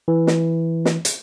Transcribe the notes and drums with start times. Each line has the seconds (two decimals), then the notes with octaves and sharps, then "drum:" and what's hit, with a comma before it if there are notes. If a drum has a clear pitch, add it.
0.08 E3
0.27 drum: snare
0.85 drum: snare
1.05 drum: hi-hat